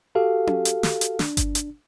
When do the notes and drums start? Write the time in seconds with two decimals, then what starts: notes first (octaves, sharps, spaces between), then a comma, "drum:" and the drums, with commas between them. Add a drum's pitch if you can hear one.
0.15 F#4 G4 A4 F5
0.47 drum: tom C#4
0.65 drum: hi-hat
0.83 drum: snare
1.01 drum: hi-hat
1.19 D4, drum: snare
1.37 drum: kick G1, hi-hat
1.55 drum: hi-hat